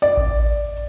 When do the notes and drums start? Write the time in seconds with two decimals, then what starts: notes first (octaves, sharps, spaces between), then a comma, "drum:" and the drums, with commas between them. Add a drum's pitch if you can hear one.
0.02 D5
0.17 drum: kick A1